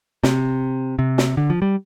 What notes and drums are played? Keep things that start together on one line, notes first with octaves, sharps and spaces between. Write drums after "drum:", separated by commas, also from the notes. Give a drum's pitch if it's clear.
C3, drum: snare
C3
drum: snare
D3
F3
G3